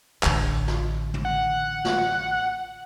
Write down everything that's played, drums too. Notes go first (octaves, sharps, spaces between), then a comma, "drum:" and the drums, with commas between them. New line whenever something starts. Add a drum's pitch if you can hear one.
A1 D3, drum: clap
drum: snare
drum: tom
F#5
drum: snare